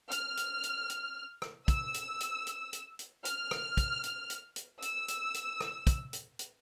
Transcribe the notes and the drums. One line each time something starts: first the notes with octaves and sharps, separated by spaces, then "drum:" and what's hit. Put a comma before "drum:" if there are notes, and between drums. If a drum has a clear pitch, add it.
F6, drum: hi-hat
drum: hi-hat
drum: hi-hat
drum: hi-hat
drum: rim click
E6, drum: kick, hi-hat
drum: hi-hat
drum: hi-hat
drum: hi-hat
drum: hi-hat
drum: hi-hat
F6, drum: hi-hat
drum: rim click
drum: kick, hi-hat
drum: hi-hat
drum: hi-hat
drum: hi-hat
E6, drum: hi-hat
drum: hi-hat
drum: hi-hat
drum: rim click
drum: kick, hi-hat
drum: hi-hat
drum: hi-hat